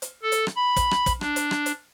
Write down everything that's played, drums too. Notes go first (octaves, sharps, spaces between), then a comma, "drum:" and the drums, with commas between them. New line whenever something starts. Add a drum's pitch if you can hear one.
drum: hi-hat
A4
drum: hi-hat
drum: rim click
B5
drum: kick, hi-hat
drum: rim click
drum: kick, hi-hat
D4, drum: rim click
drum: hi-hat
drum: rim click
drum: hi-hat